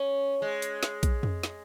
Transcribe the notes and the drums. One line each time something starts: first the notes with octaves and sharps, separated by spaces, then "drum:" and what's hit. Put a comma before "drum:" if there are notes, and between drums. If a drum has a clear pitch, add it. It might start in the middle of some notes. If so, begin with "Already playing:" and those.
Already playing: C#4
G#3
drum: hi-hat
drum: snare
drum: kick A#1, hi-hat
drum: tom F2
drum: snare